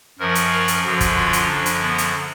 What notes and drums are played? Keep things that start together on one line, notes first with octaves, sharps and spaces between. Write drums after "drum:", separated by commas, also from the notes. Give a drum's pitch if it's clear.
F#2 F3 A#4
drum: hi-hat
A#4
drum: hi-hat
F#2 D3 F3 F#4
drum: kick, hi-hat
F4
drum: hi-hat
F#2 D3 F3 D4
drum: hi-hat
B3
drum: hi-hat